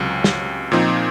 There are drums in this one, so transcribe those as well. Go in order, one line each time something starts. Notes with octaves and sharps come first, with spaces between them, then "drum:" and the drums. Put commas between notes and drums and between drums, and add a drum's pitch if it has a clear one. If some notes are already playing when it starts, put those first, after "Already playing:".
Already playing: C#2 C3 F#3 C#4
drum: snare
A#2 F3 C4 D#4